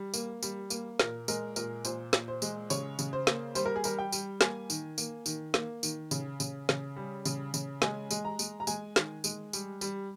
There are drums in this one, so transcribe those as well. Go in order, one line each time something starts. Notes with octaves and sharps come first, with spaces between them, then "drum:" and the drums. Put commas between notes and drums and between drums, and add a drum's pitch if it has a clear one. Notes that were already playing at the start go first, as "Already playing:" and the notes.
Already playing: G3
A#3, drum: tambourine
G3, drum: tambourine
A#3, drum: tambourine
A#2 A#4, drum: snare
G#3 A#4, drum: tambourine
A#2 A#4, drum: tambourine
A#2 C5, drum: tambourine
A#2, drum: snare
C5
G#3, drum: tambourine
C#3 C#5, drum: tambourine
C#3, drum: tambourine
C5
A#3, drum: snare
G3 C5, drum: tambourine
A#4
G#4
G3 A#4, drum: tambourine
G5
G3, drum: tambourine
A#3 G#5, drum: snare
D#3, drum: tambourine
A#3, drum: tambourine
D#3, drum: tambourine
A#3, drum: snare
D#3, drum: tambourine
C#3, drum: tambourine
C#3, drum: tambourine
C#3, drum: snare
G3
C#3, drum: tambourine
C#3, drum: tambourine
G#3 G#5, drum: snare
G#3, drum: tambourine
A#5
G#3, drum: tambourine
A#5
G#3 G#5, drum: tambourine
D#3, drum: snare
G#3, drum: tambourine
G3, drum: tambourine
G3, drum: tambourine